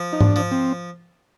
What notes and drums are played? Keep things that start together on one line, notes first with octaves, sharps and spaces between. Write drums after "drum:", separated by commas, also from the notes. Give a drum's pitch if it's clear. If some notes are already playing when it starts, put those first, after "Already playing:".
Already playing: F3
D#4
D4, drum: tom G#2
F3
C4